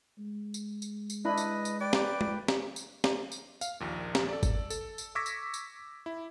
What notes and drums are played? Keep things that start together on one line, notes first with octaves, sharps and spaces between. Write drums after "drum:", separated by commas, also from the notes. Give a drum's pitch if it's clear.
G#3
drum: tambourine
drum: tambourine
drum: tambourine
D4 E4 B4 D#5 B5
drum: tambourine
drum: tambourine
B4 D5 G5
drum: snare
drum: tom G#3
drum: snare
drum: tambourine
drum: snare
drum: tambourine
F5, drum: tambourine
A#1 D#2 A#2
drum: snare
A4 D5
drum: kick G1, tambourine
A4, drum: tambourine
drum: tambourine
C#6 D6 E6 G#6 A#6 B6
drum: tambourine
drum: tambourine
E4